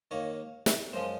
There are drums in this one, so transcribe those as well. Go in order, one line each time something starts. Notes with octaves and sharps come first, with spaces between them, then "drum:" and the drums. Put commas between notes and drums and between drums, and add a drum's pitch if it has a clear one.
D#2 D#3 A#3 C#5
drum: snare
F#2 F3 G#3 C5